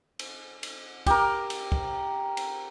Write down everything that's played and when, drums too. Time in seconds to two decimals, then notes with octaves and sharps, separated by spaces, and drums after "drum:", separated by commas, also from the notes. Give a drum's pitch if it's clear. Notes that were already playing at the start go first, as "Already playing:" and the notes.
0.19 drum: cymbal
0.63 drum: cymbal
1.06 G4 A#4, drum: kick, cymbal
1.50 drum: cymbal
1.72 drum: kick
2.37 drum: cymbal